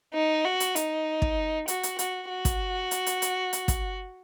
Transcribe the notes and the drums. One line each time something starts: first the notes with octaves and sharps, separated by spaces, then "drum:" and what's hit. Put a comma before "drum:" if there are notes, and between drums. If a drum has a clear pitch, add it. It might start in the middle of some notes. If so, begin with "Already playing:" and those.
D#4
F#4
drum: hi-hat
D#4, drum: hi-hat
drum: kick
F#4, drum: hi-hat
drum: hi-hat
F#4, drum: hi-hat
F#4
drum: kick, hi-hat
drum: hi-hat
drum: hi-hat
drum: hi-hat
drum: hi-hat
drum: kick, hi-hat